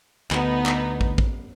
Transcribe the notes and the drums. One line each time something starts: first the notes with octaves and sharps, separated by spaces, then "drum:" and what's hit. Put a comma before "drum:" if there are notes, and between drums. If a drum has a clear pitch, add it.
D2 B3 D#4 B4, drum: clap
drum: clap
drum: kick
drum: kick